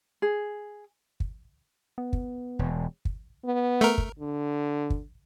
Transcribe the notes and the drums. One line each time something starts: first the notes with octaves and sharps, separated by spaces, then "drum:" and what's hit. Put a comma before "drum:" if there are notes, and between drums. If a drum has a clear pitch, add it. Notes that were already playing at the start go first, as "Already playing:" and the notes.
G#4
drum: kick
B3
drum: kick
E1
drum: kick
B3
A3 A#4
drum: kick
D3
drum: kick